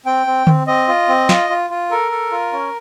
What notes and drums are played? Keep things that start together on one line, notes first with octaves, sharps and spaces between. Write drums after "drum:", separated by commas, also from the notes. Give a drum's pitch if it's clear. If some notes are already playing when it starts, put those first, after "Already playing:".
C4 G5
C4
C4, drum: tom D3
C4 D#5
F4
C4
F4, drum: snare
F4
F4
A4 A#4
A4
F4
C#4